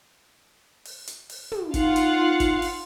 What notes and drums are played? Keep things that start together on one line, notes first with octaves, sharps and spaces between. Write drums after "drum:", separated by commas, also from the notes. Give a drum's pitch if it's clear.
drum: open hi-hat
drum: hi-hat
drum: open hi-hat
drum: tom
D#4 F4 F5 F#5, drum: kick G1, hi-hat
drum: hi-hat
drum: kick G1, hi-hat
drum: open hi-hat